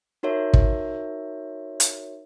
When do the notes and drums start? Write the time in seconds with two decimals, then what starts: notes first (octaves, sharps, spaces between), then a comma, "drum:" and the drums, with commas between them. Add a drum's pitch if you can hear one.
0.23 D#4 F#4 A#4 C#5 E5
0.54 drum: kick
1.80 drum: hi-hat